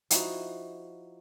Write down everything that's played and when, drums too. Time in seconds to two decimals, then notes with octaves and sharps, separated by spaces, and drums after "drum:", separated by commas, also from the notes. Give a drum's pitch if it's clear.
0.10 F3 D#4 E4 F#4, drum: hi-hat